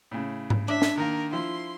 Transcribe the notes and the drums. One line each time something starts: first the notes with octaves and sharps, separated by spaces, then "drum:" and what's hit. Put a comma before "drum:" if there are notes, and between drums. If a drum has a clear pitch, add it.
A2 C#3
drum: tom G#2
D4 E5
drum: snare
D#3 A#3 A#4
F3 E4 C6